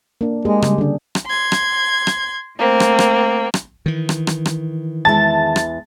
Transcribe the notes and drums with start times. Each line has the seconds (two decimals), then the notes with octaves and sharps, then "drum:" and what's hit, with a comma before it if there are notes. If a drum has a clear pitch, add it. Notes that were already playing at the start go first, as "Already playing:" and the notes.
0.21 A#3 D4
0.45 G#3 A#3 G4 G#4
0.62 C#3 G3, drum: rim click
0.78 D3 D4
1.15 drum: rim click
1.25 C6 G#6
1.52 drum: rim click
2.07 drum: rim click
2.57 A3 A#3 C4
2.80 drum: rim click
2.99 drum: rim click
3.54 drum: rim click
3.86 D#3 E3
4.09 drum: rim click
4.27 drum: rim click
4.46 drum: rim click
5.05 E2 G#3 E4 A5 A6
5.56 drum: rim click